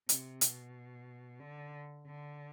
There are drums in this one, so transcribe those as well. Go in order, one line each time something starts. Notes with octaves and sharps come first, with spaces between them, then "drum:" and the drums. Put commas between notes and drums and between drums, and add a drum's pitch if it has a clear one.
C3, drum: hi-hat
B2, drum: hi-hat
D3
D3